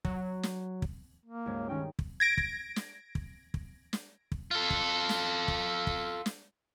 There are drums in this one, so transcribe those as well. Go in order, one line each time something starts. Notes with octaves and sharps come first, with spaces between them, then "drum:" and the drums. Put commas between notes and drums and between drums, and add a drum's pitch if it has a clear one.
F#3, drum: kick
drum: snare
drum: kick
A#3
C#2 G2 G#3
D#3 C#4 D#4 G5
drum: kick
G#6 A#6 D7
drum: kick
drum: snare
drum: kick
drum: kick
drum: snare
drum: kick
F4 A4
drum: kick
drum: snare
drum: kick
drum: kick
drum: snare